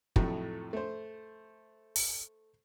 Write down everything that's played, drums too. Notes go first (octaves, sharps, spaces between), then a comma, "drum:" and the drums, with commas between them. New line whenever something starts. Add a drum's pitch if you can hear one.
F2 A2 C3 F#3 A3, drum: kick
A3 C5
drum: open hi-hat